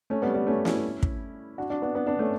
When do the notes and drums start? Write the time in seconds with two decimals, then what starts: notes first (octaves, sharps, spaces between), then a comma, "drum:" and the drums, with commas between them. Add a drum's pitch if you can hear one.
0.10 A3 C#4
0.22 G3 B3
0.34 G3 B3
0.47 A3 C#4
0.65 C#4 E4, drum: snare
1.03 drum: kick
1.58 D4 F#4
1.70 D4 F#4
1.82 B3 D4
1.95 B3 D4
2.07 B3 D4
2.19 A3 C#4